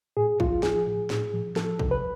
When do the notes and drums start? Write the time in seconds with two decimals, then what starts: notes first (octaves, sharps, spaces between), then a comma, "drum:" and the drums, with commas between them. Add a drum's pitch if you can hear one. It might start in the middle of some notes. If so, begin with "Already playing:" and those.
0.17 A2 G#4
0.40 F3 F4, drum: kick
0.63 F3 G#4, drum: snare
0.87 A2
1.10 A2, drum: snare
1.33 F3
1.56 F3 A4, drum: snare
1.79 C3, drum: kick
1.91 B4